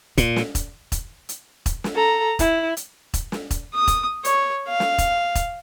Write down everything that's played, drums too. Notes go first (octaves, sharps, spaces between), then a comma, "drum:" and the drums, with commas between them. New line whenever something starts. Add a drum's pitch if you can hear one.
A#2, drum: kick E1, hi-hat
drum: snare
drum: kick E1, hi-hat
drum: kick E1, hi-hat
drum: hi-hat
drum: kick E1, hi-hat
drum: snare
A4 A#5
E4, drum: kick E1, hi-hat
drum: hi-hat
drum: kick E1, hi-hat
drum: snare
drum: kick E1, hi-hat
D#6
drum: kick E1, hi-hat
C#5, drum: hi-hat
F5
drum: snare
drum: kick E1, hi-hat
drum: kick E1, hi-hat